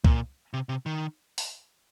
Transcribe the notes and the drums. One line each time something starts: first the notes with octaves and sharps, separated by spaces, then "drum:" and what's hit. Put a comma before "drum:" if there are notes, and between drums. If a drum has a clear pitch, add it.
A#2, drum: kick C2
C3
C3
D#3
drum: open hi-hat